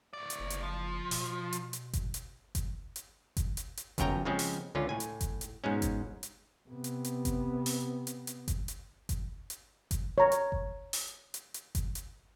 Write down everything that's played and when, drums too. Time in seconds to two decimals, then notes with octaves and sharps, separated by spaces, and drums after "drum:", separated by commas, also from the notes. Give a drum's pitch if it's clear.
0.13 A2 D5
0.30 drum: hi-hat
0.40 F#1
0.50 drum: hi-hat
0.63 F3
1.11 B2, drum: open hi-hat
1.53 drum: hi-hat
1.73 drum: hi-hat
1.93 drum: kick G1, hi-hat
2.14 drum: hi-hat
2.55 drum: kick G1, hi-hat
2.96 drum: hi-hat
3.37 drum: kick G1, hi-hat
3.57 drum: hi-hat
3.77 drum: hi-hat
3.98 G1 F#2 C#5 G5 A#5, drum: kick G1, hi-hat
4.25 C#3 F3 G#3 C4 C#4
4.39 drum: open hi-hat
4.75 C#2 D3 C#4 F4
4.89 A2 G#5
5.00 drum: hi-hat
5.21 drum: kick G1, hi-hat
5.41 drum: hi-hat
5.64 G#2 B2 G#3 C#4
5.82 drum: kick G1, hi-hat
6.23 drum: hi-hat
6.69 C3 B3
6.84 drum: hi-hat
7.05 drum: hi-hat
7.25 drum: kick G1, hi-hat
7.66 drum: open hi-hat
8.07 drum: hi-hat
8.27 drum: hi-hat
8.48 drum: kick G1, hi-hat
8.68 drum: hi-hat
9.09 drum: kick G1, hi-hat
9.50 drum: hi-hat
9.91 drum: kick G1, hi-hat
10.18 C#5 A#5
10.32 drum: hi-hat
10.52 drum: kick G1
10.93 drum: open hi-hat
11.34 drum: hi-hat
11.54 drum: hi-hat
11.75 drum: kick G1, hi-hat
11.95 drum: hi-hat